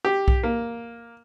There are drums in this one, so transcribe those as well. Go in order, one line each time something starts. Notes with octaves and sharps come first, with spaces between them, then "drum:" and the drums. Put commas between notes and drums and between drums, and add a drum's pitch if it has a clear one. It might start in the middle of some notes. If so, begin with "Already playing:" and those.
G4
drum: kick B1
A#3